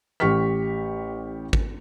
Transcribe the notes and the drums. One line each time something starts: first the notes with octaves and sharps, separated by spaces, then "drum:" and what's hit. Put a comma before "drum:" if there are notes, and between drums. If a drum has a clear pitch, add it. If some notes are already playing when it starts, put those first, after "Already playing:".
A1 G4 C#6 F6 B6
drum: kick